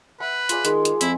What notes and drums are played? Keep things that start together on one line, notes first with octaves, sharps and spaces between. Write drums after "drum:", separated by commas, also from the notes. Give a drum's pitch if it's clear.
B4 E5 F#5 B5
F4 G#4 D5, drum: hi-hat
D#3 G#3 G#4, drum: hi-hat
drum: hi-hat
F2 E4, drum: hi-hat